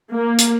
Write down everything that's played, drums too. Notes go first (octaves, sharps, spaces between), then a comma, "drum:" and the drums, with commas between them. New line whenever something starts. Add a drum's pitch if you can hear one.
A#3
drum: hi-hat